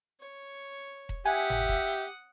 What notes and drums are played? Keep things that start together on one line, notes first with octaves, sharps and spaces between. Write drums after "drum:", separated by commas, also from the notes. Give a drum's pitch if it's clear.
C#5
drum: kick E1
G4 E5 F#5 G#5 D#6
drum: tom G1
drum: kick E1